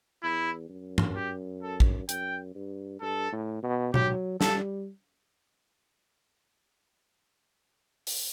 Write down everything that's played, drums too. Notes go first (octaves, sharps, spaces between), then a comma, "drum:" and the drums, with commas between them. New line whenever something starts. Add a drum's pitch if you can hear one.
E2 E4
F#2
drum: tom G2
G4
A4
drum: kick
F#2 G5, drum: hi-hat
G2
G2 A4
A2
B2
F#3 G4, drum: tom B2
G3 A4, drum: snare
drum: open hi-hat